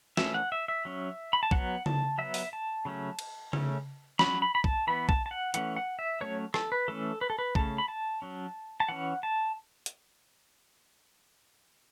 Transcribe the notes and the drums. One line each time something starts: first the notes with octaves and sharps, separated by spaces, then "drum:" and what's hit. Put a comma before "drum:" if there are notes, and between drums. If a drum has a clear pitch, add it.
E3 A3 C#4 E5, drum: snare
F#5
E5
E5
F#3 C#4
B5
A5
F#3 B3 F#5, drum: kick
A5, drum: tom C#3
F#3 B3 E5
drum: open hi-hat
A5
C#3 F#3 A3 C#4
drum: cymbal
C#3 A3 C#4, drum: tom C#3
F#3 C#4 B5, drum: snare
B5
B5
A5, drum: kick
E3 B3 B5
A5, drum: kick
A5
F#5
E3 A3 C#4 F#5, drum: hi-hat
F#5
E5
F#3 A3 C#4 C#5
A4, drum: rim click
B4
E3 A3 C#4 A4
B4
A4
B4
C#3 A3 C#4 A5, drum: kick
B5
A5
F#3 C#4
A5
E3 C#4 F#5
A5
drum: hi-hat